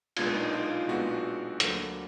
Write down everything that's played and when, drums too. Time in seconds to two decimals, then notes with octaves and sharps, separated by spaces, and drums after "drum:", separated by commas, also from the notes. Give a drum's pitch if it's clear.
0.17 B1 A#2 G#3 B3 D4 F4, drum: cymbal
0.34 D#4
0.53 F4
0.71 F4
0.88 B1 A#2 G#3 B3 D4 F#4
1.60 D2 D3 F#3 A#3, drum: hi-hat